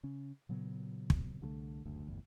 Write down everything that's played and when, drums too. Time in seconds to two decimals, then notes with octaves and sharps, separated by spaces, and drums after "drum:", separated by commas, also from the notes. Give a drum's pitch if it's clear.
0.03 C#3 C#4
0.49 A#2 C#3 F#3 B3
1.10 drum: kick
1.41 C2 D3 F3 A3
1.85 F#1 D2 D3
2.07 G1 E2 A2 E3